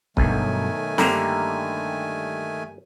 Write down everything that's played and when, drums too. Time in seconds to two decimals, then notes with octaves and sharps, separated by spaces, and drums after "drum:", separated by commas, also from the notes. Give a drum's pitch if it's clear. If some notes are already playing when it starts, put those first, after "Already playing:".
0.17 B1 G2 B2 D#3 F#3 A3 G#5, drum: kick
0.98 G2 D3 G3 A#3 A#5, drum: snare